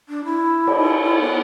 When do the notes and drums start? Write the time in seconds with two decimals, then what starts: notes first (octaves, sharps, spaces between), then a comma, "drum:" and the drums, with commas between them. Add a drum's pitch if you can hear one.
0.09 D4
0.25 E4
0.67 drum: cymbal
1.21 B3